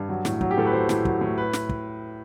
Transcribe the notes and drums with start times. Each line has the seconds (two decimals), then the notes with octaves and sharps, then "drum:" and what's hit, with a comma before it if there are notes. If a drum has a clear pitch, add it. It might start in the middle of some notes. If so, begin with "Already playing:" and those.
Already playing: G2
0.09 F#3
0.25 A2, drum: snare
0.41 F#3, drum: kick
0.51 G4
0.58 A2 A4
0.66 B4
0.73 F#3 C5
0.89 A2, drum: snare
1.05 F#3, drum: kick
1.21 A2
1.38 B4
1.53 drum: snare
1.69 drum: kick